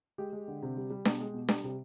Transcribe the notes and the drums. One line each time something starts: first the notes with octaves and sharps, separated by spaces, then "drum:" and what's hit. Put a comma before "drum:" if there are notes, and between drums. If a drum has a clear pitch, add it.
G#3 G4
G#3
D3
C3
G3
G3
B2, drum: snare D4
G#3
B2
G3, drum: snare D4
C3